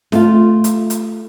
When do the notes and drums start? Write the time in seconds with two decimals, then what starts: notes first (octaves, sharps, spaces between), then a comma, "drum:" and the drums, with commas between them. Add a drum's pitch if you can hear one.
0.12 A3 F4, drum: snare
0.64 drum: hi-hat
0.90 drum: hi-hat